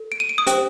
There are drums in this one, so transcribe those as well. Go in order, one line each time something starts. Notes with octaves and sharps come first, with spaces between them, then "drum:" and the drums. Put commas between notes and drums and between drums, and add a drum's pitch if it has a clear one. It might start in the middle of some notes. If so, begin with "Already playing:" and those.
Already playing: A4
D7
D#7
D7
D#6
G4 C5 G5, drum: hi-hat